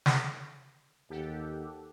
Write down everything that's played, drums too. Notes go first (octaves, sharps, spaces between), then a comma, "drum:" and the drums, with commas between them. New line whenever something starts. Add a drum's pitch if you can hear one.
drum: snare
D#2 G4 A4 F#5